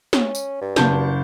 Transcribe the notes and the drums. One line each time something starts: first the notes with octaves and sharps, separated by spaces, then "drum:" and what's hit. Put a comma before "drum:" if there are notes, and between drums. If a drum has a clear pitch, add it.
C#4, drum: snare
drum: tambourine
G2
F#1 A5 G6, drum: snare